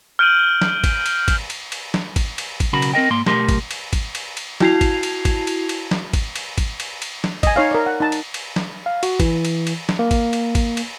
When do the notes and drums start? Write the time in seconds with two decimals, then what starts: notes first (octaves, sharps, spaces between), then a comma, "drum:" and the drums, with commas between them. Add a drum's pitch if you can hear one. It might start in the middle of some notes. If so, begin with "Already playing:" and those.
0.19 F6 G6 D7 D#7 F#7 G7
0.62 drum: snare
0.84 drum: kick G#1, cymbal
1.06 drum: cymbal
1.28 drum: kick G#1, cymbal
1.50 drum: cymbal
1.72 drum: cymbal
1.94 drum: snare
2.16 drum: kick G#1, cymbal
2.38 drum: cymbal
2.60 drum: kick G#1, cymbal
2.73 B1 C#3 F#4 A#4 B5
2.82 drum: cymbal
2.93 C4 A#4 D#5 G5
3.10 G#2 A#3 C6
3.26 B1 A3 G4 A#4 C6, drum: snare
3.49 drum: kick G#1, cymbal
3.71 drum: cymbal
3.93 drum: kick G#1, cymbal
4.15 drum: cymbal
4.37 drum: cymbal
4.60 E4 F#4 A5 G#6 C7 F7, drum: snare
4.81 drum: kick G#1, cymbal
5.03 drum: cymbal
5.25 drum: kick G#1, cymbal
5.47 drum: cymbal
5.69 drum: cymbal
5.91 drum: snare
6.13 drum: kick G#1, cymbal
6.36 drum: cymbal
6.58 drum: kick G#1, cymbal
6.80 drum: cymbal
7.02 drum: cymbal
7.24 drum: snare
7.43 D#5 G#5, drum: kick G#1, cymbal
7.56 D#4 C#5 F5
7.71 A#4 D5
7.86 F#5
8.00 D#4 A5
8.12 drum: cymbal
8.34 drum: cymbal
8.56 drum: snare
8.86 F5
9.03 F#4, drum: cymbal
9.20 E3, drum: kick G#1, cymbal
9.45 drum: cymbal
9.67 drum: cymbal
9.89 drum: snare
9.99 A#3
10.11 drum: kick G#1, cymbal
10.33 drum: cymbal
10.55 drum: kick G#1, cymbal
10.77 drum: cymbal